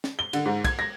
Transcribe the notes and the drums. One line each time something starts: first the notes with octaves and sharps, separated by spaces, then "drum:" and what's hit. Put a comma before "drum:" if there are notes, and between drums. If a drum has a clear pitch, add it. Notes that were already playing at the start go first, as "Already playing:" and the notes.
drum: snare
G7
D3, drum: cymbal
G#2
G#6, drum: kick, cymbal
A#6